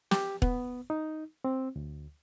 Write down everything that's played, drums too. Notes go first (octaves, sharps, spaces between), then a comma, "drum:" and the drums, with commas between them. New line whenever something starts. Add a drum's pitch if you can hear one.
G4, drum: snare
B3, drum: kick E1
D#4
C4
D2